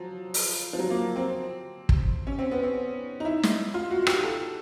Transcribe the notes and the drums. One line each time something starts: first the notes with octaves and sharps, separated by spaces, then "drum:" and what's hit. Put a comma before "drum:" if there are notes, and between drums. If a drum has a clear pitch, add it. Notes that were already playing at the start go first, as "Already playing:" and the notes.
Already playing: F3 F#3
drum: open hi-hat
F3
F#3
A#3
C4
drum: kick
C#4
C4
B3
C4
D#4
E4
drum: snare
F4
F#4
F#4
G4, drum: rim click
A4